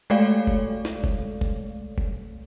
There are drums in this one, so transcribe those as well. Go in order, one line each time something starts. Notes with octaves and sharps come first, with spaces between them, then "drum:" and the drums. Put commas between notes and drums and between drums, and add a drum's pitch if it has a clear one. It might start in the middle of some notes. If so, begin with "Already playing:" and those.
G#3 A3 A4 C#5 D5 F5
drum: kick F#1
drum: snare
drum: kick F#1
drum: kick F#1
drum: kick F#1